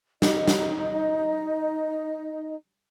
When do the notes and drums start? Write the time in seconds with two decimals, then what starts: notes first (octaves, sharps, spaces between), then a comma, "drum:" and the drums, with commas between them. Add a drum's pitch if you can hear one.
0.22 D#4 D#5, drum: snare
0.48 drum: snare